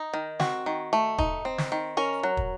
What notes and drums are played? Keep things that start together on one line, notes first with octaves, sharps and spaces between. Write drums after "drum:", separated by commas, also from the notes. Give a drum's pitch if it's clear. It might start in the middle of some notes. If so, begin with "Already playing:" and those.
Already playing: D#4
D#3
C4 F#4, drum: snare
D#3
A3
D#4, drum: kick
C4
drum: snare
D#3
C#4 A#4
F#3
drum: kick